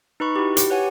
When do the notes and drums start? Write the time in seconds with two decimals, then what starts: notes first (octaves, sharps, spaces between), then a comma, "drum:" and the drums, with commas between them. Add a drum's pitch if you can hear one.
0.20 D#4 B4 B5 C#6
0.36 E4 F#4 G4
0.57 G4, drum: hi-hat
0.70 B4 C#5 F#5 G#5